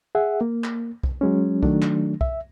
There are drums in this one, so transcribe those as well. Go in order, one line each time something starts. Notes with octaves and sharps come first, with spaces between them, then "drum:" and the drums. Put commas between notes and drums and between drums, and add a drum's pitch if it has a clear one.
G#4 E5 F#5
A#3
drum: clap
drum: kick B1
F#3 G#3 C#4
D#3 F#3 A3 D4, drum: kick B1
drum: clap
E5, drum: kick B1